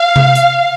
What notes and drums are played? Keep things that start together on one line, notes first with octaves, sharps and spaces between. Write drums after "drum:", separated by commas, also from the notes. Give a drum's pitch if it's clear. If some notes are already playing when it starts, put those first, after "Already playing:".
Already playing: F5
drum: tom C3
drum: hi-hat